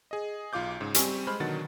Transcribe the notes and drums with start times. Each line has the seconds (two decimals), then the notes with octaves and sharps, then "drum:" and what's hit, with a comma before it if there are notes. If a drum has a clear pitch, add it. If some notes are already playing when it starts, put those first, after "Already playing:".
0.11 G#4 D#5
0.53 B1 F4 F5 D6 G6
0.80 G#2 C#3
0.94 G3 C4 G4 G#5 C#6, drum: hi-hat
1.27 G#3 C5 B5 F6
1.40 B2 D3 D#3 F#3 F#5 A6